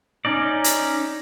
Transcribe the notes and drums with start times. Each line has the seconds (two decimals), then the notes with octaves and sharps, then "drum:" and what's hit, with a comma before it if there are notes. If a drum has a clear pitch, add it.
0.25 C#4 D#4 D5
0.64 drum: hi-hat